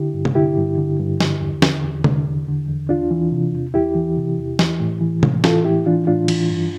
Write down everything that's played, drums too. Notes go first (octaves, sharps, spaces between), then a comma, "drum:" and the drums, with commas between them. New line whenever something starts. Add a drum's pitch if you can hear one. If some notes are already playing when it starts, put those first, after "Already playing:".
Already playing: D3 E4 G4
G2
drum: tom C3
D3 E4 G4
G2
D3
G2
D3, drum: snare
E2
D3, drum: snare
E2
D3, drum: tom C3
E2
D3
E2
E2 D4 F4
E3
C3
E2
E2 E4 G4
E3
C3
E2
E3, drum: snare
A2
E3
A2, drum: tom C3
E3 F4 A4, drum: snare
A2 E4 G4
E3 D4 F4
A2 D4 F4
E3, drum: cymbal
G2